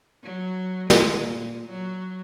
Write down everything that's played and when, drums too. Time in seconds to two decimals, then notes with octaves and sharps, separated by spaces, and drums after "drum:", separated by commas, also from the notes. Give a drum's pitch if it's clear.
0.23 F#3
0.90 G#3, drum: snare
1.20 A#2
1.69 F#3